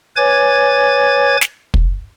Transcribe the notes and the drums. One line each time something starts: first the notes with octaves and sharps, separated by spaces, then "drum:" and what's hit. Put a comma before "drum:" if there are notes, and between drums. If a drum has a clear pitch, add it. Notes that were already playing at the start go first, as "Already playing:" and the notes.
B4 C#5 G#5 D6 G#6 A6
drum: snare
drum: kick